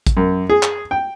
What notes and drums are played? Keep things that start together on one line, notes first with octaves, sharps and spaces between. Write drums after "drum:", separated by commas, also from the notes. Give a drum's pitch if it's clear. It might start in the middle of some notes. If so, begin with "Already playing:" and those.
drum: kick A1, hi-hat
F#2
G#4
drum: clap
G5